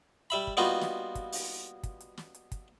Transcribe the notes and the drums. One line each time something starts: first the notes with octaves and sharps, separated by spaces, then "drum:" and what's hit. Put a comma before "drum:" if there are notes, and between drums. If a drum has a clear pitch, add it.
G3 E5 B5
drum: kick
G3 A#3 B3 D#4 F4 F#4
drum: snare
drum: kick, hi-hat
drum: open hi-hat
drum: kick, hi-hat
drum: hi-hat
drum: snare
drum: hi-hat
drum: kick, hi-hat